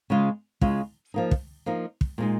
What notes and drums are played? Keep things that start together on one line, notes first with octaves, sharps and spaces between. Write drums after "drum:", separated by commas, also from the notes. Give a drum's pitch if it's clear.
C#3 G#3 F4
C#3 G#3 F4, drum: kick
F3 A#3 D#4
drum: kick
F3 A#3 D#4
drum: kick
A#2 G#3 D#4